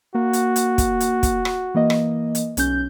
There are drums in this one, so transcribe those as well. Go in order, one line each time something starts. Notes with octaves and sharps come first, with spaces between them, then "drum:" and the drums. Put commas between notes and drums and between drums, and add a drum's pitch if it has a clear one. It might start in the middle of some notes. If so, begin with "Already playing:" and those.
A#3 F#4
drum: hi-hat
drum: hi-hat
drum: kick, hi-hat
drum: hi-hat
drum: kick, hi-hat
drum: rim click
E3 A#3 D#5
drum: rim click
drum: hi-hat
B1 C#4 G6, drum: hi-hat